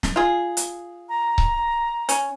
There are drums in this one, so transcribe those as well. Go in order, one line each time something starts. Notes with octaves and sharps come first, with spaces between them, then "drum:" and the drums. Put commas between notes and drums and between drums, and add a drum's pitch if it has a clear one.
drum: snare
F4 G#4
drum: hi-hat
A#5
drum: kick C#1
C#4, drum: hi-hat